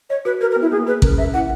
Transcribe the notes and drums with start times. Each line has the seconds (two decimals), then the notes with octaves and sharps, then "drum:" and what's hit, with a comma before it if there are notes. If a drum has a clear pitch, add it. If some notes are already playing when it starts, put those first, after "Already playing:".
0.10 C#5 D#5
0.25 F#4 B4
0.41 A#4 B4
0.51 A#4
0.56 B3
0.62 E4
0.71 A#3 G#4
0.87 G#4 B4
1.02 C#4 A#4, drum: kick A1
1.18 C#4 E5
1.34 E4 F#5